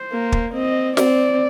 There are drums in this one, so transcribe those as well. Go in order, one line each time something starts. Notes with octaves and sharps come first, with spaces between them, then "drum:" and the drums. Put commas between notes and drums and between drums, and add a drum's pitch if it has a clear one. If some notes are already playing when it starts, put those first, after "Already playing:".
Already playing: C5
A#3
drum: kick
C4 D#5
C4 D5, drum: snare